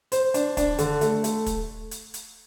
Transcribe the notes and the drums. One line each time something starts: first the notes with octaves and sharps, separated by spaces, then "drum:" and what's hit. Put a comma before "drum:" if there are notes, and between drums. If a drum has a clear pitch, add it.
C5, drum: hi-hat
D4, drum: hi-hat
D4, drum: kick, hi-hat
D3, drum: hi-hat
A3, drum: hi-hat
A3, drum: hi-hat
drum: kick, hi-hat
drum: hi-hat
drum: hi-hat